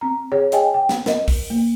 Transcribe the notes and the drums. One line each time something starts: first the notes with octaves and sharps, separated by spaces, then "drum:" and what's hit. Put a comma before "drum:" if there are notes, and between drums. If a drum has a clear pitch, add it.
C4 A#5
G#4 C#5
G#4 D#5 F5 G5 G#5, drum: hi-hat
G5
drum: snare
A#4 D#5, drum: snare
drum: kick, open hi-hat
A#3